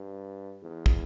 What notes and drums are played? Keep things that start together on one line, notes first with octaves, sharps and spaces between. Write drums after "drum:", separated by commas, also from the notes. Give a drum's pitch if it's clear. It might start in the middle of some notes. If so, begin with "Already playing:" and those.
Already playing: G2
E2
drum: kick